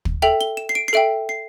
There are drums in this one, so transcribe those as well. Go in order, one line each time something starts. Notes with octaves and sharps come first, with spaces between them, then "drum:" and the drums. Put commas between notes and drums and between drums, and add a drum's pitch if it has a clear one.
drum: kick
A4 E5 G5 F7
G7
E7
C7
D7
C7
A4 E5 G5 D7
C7